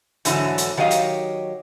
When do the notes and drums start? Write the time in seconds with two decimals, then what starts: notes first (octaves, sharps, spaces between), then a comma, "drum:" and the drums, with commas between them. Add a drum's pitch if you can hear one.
0.25 G#2 D3 E3 F#3 A3, drum: hi-hat
0.58 drum: hi-hat
0.77 D#3 F#3 G4 D#5 F5
0.91 drum: hi-hat